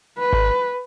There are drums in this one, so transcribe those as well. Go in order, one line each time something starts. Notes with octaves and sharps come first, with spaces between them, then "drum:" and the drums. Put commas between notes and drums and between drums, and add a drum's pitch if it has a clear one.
B4
drum: kick G#1